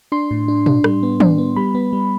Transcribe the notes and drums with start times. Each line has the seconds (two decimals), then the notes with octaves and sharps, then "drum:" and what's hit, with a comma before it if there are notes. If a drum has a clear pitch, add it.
0.12 D4 C6
0.31 A2
0.48 D4
0.66 D4, drum: tom A#2
0.84 G3, drum: rim click
1.03 B3
1.20 D4, drum: tom
1.38 B3
1.56 G3 B5
1.75 B3
1.93 G3